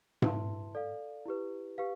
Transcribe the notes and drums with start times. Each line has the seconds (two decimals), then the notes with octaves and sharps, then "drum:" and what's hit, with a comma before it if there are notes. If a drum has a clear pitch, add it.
0.22 E4 B4 E5 A5 C6, drum: tom G#2
0.75 A4 D5 F5
1.26 E4 G4 B4
1.78 G4 B4 F5